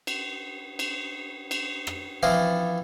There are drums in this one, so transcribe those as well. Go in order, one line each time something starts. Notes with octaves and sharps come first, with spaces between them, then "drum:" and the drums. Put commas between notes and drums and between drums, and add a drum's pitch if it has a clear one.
drum: cymbal
drum: cymbal
drum: cymbal
drum: rim click
E3 F3 C4 E4 F4